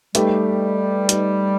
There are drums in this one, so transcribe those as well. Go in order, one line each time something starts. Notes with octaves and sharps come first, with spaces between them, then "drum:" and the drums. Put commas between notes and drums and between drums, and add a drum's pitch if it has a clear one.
G3 A3 D#4 G4 B4, drum: hi-hat
A3 D#4 G4 B4, drum: hi-hat